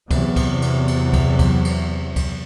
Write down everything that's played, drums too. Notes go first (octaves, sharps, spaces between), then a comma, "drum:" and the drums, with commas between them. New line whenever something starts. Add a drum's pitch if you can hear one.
E2 C3 F#3, drum: kick C#2, cymbal
drum: kick C#2, cymbal
drum: cymbal
drum: cymbal
drum: kick C#2, cymbal
drum: kick C#2, cymbal
drum: cymbal
drum: kick C#2, cymbal